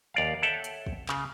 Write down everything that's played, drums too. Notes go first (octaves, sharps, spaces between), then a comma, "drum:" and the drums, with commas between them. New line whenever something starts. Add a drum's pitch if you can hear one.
D#2 D5 F5
A4 C#5 E5 F#5 G5 A5
drum: hi-hat
drum: kick
C#3, drum: clap